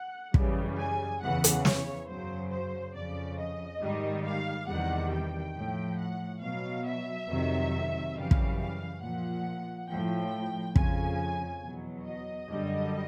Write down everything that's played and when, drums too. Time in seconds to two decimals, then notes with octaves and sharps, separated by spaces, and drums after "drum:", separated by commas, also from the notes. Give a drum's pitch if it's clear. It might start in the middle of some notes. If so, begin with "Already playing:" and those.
Already playing: F#5
0.34 F#2 C#3 E3 G3, drum: kick
0.79 G#5
1.21 E2 C#3 E3 F#5
1.44 drum: hi-hat
1.65 C#5, drum: snare
2.08 F#2 C#3 F#3 C5
2.51 C5
2.95 F2 C#3 F3 D5
3.38 D#5
3.82 G#2 D#3 G3
4.25 F5
4.68 E2 C3 D#3 G3 F#5
5.12 G5
5.55 A2 F3
5.98 F#5
6.42 B2 F#3 F5
6.85 E5
7.28 F2 C3 D#3 F#3
8.15 F#2 C#3 E3 G3 F5
8.31 drum: kick
8.59 F5
9.01 A#2 F3 F#5
9.88 A2 F3 G5
10.76 F2 C#3 F3 G#5, drum: kick
11.62 E2 B2 F#3
12.05 D#5
12.49 F#2 D3 G3